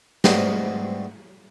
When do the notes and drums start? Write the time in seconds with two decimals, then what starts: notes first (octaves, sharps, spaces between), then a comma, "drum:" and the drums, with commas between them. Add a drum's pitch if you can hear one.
0.24 G#2 G3 A3 B3 C4 D#5, drum: snare